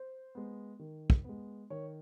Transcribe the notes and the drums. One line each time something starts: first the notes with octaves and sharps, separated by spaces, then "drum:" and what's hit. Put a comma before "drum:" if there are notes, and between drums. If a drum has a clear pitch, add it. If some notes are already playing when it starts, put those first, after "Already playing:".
Already playing: C5
G#3 B3
D#3
drum: kick
G#3 B3
D#3 C#5